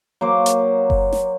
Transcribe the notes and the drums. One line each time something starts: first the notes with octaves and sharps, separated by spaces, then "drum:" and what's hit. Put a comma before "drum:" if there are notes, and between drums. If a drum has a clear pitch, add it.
F#3 A#3 C5 D6
drum: hi-hat
drum: kick F#1
drum: snare